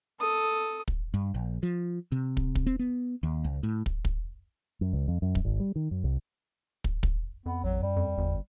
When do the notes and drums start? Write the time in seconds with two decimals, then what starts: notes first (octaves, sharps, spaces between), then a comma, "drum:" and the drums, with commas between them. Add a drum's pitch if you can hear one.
0.20 A4 D#6
0.88 drum: kick
1.14 G2
1.34 A#1
1.63 F3
2.12 C3
2.37 drum: kick
2.55 drum: kick
2.66 C4
2.79 B3
3.23 D#2
3.44 C#2
3.63 A2
3.86 drum: kick
4.05 drum: kick
4.81 F#2
4.93 C#2
5.08 F2
5.22 F#2
5.35 drum: kick
5.45 G#1
5.60 G3
5.76 D#3
5.91 F#2
6.04 C2
6.84 drum: kick
7.03 drum: kick
7.46 F2 B3
7.64 A1 F#3
7.82 F#2 G3
7.96 F2
8.18 G1 E2